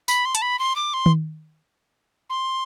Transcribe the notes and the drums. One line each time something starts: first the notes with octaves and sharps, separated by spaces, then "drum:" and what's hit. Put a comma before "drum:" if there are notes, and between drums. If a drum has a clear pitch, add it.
B5, drum: tambourine
C6
A5, drum: hi-hat
B5
C6
D6
C6
drum: tom D#3
C6